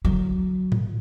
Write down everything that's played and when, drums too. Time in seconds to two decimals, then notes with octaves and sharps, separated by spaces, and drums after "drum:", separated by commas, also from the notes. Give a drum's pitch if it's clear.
0.05 D3 F#3
0.72 drum: tom G#2